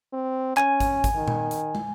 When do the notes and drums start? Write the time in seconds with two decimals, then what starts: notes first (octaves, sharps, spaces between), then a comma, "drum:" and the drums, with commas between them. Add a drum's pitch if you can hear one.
0.13 C4
0.57 C#4 G#5, drum: clap
0.80 drum: kick, hi-hat
1.04 drum: kick, hi-hat
1.15 D#3
1.28 drum: tom A#2
1.51 drum: hi-hat
1.75 drum: tom